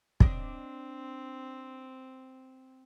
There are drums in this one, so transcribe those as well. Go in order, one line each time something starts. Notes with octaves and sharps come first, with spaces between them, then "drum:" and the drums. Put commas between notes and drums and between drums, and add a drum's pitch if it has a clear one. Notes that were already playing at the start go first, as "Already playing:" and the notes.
C4 D4 D#5, drum: kick